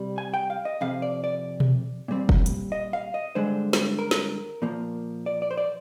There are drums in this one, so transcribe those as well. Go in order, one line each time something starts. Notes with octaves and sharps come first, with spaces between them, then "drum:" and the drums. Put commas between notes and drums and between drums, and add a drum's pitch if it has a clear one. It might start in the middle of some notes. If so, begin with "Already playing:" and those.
Already playing: C3 G3 C4
G#5
G5
F5
D#5
F2 C3 F5
D5
D5
drum: tom B2
A#2 G3 C4
drum: kick
drum: hi-hat
D#5
F5
D#5
G2 D3 G#3 C5
drum: snare
A#4
drum: snare
A#2 F3 A#3
D5
D5
C5
D5